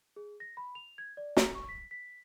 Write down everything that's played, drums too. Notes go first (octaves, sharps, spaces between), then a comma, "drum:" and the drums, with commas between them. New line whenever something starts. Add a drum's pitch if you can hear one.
G#4
A#6
B5
F7
G#6
D5
A#5, drum: snare
C#6
B6
B6